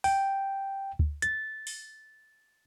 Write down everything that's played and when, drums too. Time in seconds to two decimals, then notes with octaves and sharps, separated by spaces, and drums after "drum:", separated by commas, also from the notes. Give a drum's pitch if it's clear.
0.04 G5, drum: open hi-hat
0.99 drum: kick D2
1.22 A6, drum: hi-hat
1.67 drum: open hi-hat